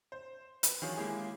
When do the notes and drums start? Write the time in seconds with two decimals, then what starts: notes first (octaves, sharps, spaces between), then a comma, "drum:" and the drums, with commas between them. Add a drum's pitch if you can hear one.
0.12 C5
0.63 B4, drum: hi-hat
0.82 D#3 E3 F#3 C#4 F4 G#4
0.96 G#3 A#3 C#4 E4 G4 G#4